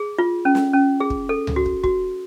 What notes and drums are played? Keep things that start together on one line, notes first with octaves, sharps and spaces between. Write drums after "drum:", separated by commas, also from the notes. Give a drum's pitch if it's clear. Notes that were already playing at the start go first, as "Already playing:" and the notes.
Already playing: G#4
F4
C#4
drum: snare
C#4
G#4
drum: kick
A4
drum: tom C#2
F#4
drum: kick
F#4, drum: kick